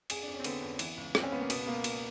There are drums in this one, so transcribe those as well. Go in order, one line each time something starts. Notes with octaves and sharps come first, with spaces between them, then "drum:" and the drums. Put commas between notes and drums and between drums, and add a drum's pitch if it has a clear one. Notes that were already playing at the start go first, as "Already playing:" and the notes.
F2 G#4, drum: cymbal
D4
F2
C#4
C4
D3 B3, drum: cymbal
F2
E3, drum: cymbal
C#2
C#2 C4, drum: rim click
C#4
C#2 B3
A#3
B2 B3, drum: cymbal
B2 A#3
B2, drum: cymbal